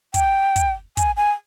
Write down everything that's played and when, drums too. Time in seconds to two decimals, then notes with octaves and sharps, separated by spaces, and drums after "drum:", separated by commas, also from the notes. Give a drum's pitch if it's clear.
0.14 G5, drum: kick, hi-hat
0.56 drum: kick, hi-hat
0.97 G#5, drum: kick, hi-hat
1.17 G#5